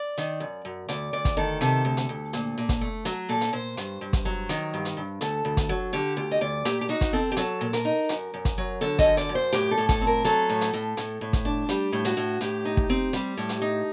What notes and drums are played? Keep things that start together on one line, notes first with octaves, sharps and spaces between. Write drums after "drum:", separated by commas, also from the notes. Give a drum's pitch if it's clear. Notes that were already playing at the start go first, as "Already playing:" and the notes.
Already playing: D5
D#3, drum: hi-hat
F#2
F#2
D2 D5, drum: hi-hat
D2 D5
drum: kick, hi-hat
D#3 A4
C3 A4, drum: hi-hat
D2
drum: hi-hat
D2
A#2, drum: hi-hat
A#2
drum: kick, hi-hat
A3
F#3, drum: hi-hat
A#2 A4
drum: hi-hat
A#2 C5
G2, drum: hi-hat
G2
drum: kick, hi-hat
F#3
D#3, drum: hi-hat
G2
drum: hi-hat
G2
D2 A4, drum: hi-hat
D2
drum: kick, hi-hat
F#3
D3 G4
D2 G4
D#5
D2 D5
A#2 G4, drum: hi-hat
G4
D#4 F#4
drum: kick, hi-hat
C4 A4
G4
F#3 A4, drum: hi-hat
A#2
A#4, drum: hi-hat
D#4
F#2, drum: hi-hat
F#2
drum: kick, hi-hat
F#3
D3 A4
D#5, drum: kick, hi-hat
F#2
D5, drum: hi-hat
F#2
C5
A2 G4, drum: hi-hat
A4
A2
A4, drum: kick, hi-hat
C4
A#4
F#3 A4, drum: hi-hat
A2
drum: hi-hat
A2
A2, drum: hi-hat
A2
drum: kick, hi-hat
D4
G3 G4, drum: hi-hat
A2
F#4, drum: hi-hat
A2
A2 G4, drum: hi-hat
D#4
drum: kick
C4
G3, drum: hi-hat
A2
drum: hi-hat
D#4